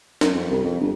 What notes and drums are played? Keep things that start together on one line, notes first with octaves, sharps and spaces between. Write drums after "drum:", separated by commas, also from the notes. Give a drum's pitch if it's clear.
F#2, drum: snare
F2
C2
F2
G1